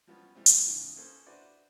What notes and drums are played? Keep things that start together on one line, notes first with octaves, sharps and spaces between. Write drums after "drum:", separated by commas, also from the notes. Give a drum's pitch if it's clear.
F3 G3 B3 C#4
E3 G3 A3 C4
drum: hi-hat
E2 G#2 C#3
A#3 C#4 G#4 A4 C5
D4 E4 F#4 B4 C5 D5